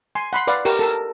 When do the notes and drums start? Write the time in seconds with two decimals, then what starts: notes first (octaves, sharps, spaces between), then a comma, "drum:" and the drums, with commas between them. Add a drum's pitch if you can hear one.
0.15 G#5 C6
0.33 F#5 B5 C6
0.47 B4 D5 F5 F#5, drum: hi-hat
0.65 G4 A#4, drum: open hi-hat
0.79 A4 A#4